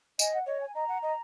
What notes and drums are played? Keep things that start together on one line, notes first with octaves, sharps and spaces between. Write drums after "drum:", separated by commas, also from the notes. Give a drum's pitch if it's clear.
D#5 G#5, drum: tambourine
F#5
C#5 D#5
G#5
D#5 A#5
F#5
D#5